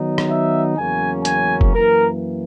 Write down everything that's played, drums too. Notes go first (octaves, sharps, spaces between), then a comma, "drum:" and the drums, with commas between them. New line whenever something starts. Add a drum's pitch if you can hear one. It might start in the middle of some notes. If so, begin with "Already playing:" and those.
Already playing: D#3 F#3 B3 D#4
drum: rim click
E5
E2 C#3 F#3 A#3 C#4 G#5
G#5, drum: hi-hat
drum: kick F1
F#2 E3 A#3 A#4